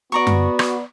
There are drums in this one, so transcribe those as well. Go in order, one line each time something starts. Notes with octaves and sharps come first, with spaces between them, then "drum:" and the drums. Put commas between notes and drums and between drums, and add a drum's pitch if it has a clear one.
B3 F#4 D5 A#5 C#6
drum: tom F#2
drum: rim click